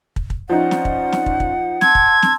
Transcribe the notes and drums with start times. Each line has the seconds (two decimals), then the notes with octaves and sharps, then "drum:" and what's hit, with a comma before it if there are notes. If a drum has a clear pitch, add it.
0.16 drum: kick
0.30 drum: kick
0.50 F3 C#4 D#4 C5 D5 F#5
0.71 drum: snare
0.85 drum: kick
1.12 drum: snare
1.26 drum: kick
1.40 drum: kick
1.81 A5 C6 E6 G#6, drum: snare
1.95 drum: kick
2.22 drum: snare